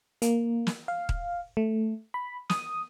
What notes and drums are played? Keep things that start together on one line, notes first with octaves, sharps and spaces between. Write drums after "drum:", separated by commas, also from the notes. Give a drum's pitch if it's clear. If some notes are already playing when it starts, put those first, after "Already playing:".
A#3, drum: hi-hat
drum: snare
F5
drum: kick D#1
A3
B5
D#6, drum: snare